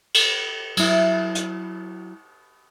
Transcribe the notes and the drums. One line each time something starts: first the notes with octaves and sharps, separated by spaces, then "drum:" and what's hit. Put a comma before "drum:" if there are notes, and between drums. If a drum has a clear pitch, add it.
drum: cymbal
F#3 E4, drum: cymbal
drum: hi-hat